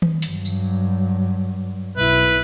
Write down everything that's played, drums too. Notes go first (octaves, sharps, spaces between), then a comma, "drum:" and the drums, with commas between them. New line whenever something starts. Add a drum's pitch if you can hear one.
drum: tom D#3
G2 F#3, drum: hi-hat
drum: tambourine
B1 E4 B4